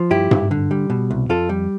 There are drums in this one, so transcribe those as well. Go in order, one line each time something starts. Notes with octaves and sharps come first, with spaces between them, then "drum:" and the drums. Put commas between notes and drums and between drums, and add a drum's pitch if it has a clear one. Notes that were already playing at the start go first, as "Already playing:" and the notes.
Already playing: F3
G2 E4 G4
G2, drum: tom G#2
D3
G3
B2
C2
F2 F4 A4
G3